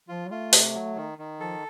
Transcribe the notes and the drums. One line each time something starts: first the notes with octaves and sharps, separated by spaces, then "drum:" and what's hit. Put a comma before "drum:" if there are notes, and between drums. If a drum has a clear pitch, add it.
F3 F4
F#3
A3 F4
C3, drum: open hi-hat
F#3
D#3
D#3
F3 A4